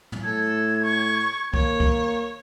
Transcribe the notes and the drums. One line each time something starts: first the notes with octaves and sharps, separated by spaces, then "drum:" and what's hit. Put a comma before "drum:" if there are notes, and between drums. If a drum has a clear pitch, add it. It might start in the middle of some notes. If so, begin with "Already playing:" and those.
drum: tom
A2 A4 G#6
C#6
A#3 C#5, drum: kick C2
drum: kick C2